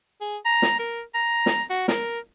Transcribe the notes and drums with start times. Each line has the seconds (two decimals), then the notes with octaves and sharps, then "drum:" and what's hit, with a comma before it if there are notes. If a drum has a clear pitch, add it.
0.21 G#4
0.45 A#5
0.62 drum: snare
0.79 A#4
1.14 A#5
1.46 drum: snare
1.70 F#4
1.88 A#4, drum: snare